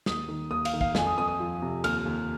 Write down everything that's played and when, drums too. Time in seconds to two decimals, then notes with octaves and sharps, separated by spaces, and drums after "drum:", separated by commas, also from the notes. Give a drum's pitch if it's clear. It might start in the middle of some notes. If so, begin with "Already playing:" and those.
0.06 D#2 D#6, drum: snare
0.28 D#3
0.50 D#2 D#6
0.65 F5, drum: cymbal
0.73 D#3
0.81 F5, drum: kick
0.95 F2 G#5, drum: snare
1.07 D#6
1.17 F2 D#6
1.28 D#6
1.40 F3
1.62 C3
1.84 D#2 F6, drum: cymbal
2.05 D#2